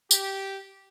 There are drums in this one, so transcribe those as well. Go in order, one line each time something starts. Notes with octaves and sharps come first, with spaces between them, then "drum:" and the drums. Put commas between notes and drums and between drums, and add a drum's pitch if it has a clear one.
G4, drum: tambourine